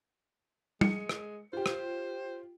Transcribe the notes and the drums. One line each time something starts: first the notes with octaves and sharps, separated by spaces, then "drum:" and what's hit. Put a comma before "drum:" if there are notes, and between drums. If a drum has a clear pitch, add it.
G#3 C#7, drum: tom G3
drum: rim click
F4 G4 C5
drum: rim click